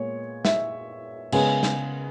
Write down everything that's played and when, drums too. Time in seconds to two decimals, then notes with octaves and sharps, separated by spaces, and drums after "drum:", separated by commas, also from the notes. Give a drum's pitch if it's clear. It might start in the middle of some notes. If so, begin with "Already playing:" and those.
Already playing: A#2 G#3 B3 C#5
0.45 E5, drum: snare
1.32 C#3 G#3 B3 G#5, drum: cymbal
1.63 drum: snare